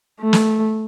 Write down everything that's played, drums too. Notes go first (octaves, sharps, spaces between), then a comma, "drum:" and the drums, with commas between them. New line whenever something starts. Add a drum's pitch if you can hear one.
A3
drum: snare